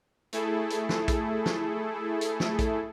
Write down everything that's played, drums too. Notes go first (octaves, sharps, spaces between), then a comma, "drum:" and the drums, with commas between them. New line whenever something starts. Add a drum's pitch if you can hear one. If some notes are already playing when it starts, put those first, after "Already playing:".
A3 E4 G#4 A4, drum: hi-hat
drum: hi-hat
drum: snare
drum: kick A#1, hi-hat
drum: snare
drum: hi-hat
drum: snare
drum: kick A#1, hi-hat